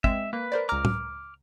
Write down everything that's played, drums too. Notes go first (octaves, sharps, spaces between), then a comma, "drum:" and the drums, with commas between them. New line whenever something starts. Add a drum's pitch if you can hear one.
G#3 C4 E5, drum: kick
A#3 B4
A#4 C5 D5
C#2 A#5 D6 F6
drum: tom